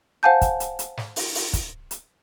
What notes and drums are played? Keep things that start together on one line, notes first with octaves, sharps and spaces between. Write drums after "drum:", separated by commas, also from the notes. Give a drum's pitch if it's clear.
C5 F5 F#5 G#5 A5 G6
drum: kick, hi-hat
drum: hi-hat
drum: hi-hat
drum: snare
drum: open hi-hat
drum: open hi-hat
drum: kick, hi-hat
drum: hi-hat